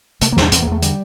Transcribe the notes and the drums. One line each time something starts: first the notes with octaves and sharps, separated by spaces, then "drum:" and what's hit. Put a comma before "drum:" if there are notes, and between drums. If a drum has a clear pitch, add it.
C3 A3, drum: hi-hat
A#3
E2, drum: snare
D4
E2 C4, drum: hi-hat
A#3
E2
A3
D3 G3, drum: hi-hat